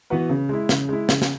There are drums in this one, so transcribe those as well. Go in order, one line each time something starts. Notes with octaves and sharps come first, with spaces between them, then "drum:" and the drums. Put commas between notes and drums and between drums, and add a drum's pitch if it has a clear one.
E3 B3 F#4 B4
C#3
G#3 E4
C#3, drum: snare
G#3 E4
C#3, drum: snare
drum: snare